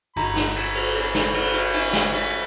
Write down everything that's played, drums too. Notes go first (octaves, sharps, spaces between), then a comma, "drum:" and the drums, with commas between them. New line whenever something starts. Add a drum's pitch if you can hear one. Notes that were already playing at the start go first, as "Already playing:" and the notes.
G1 A#5 B5, drum: cymbal
drum: snare
drum: cymbal
drum: cymbal
drum: cymbal
drum: snare
drum: cymbal
drum: cymbal
drum: cymbal
drum: snare
drum: cymbal